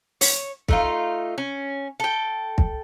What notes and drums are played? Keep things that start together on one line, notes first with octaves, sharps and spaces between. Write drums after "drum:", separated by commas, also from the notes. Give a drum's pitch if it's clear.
C#5, drum: open hi-hat
A3 D#4 F4, drum: kick
C#4
A4 G5
drum: kick